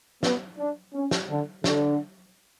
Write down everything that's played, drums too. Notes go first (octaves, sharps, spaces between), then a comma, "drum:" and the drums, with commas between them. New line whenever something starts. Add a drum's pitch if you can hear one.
B3, drum: snare
D4
C#4
drum: snare
D3
D3, drum: snare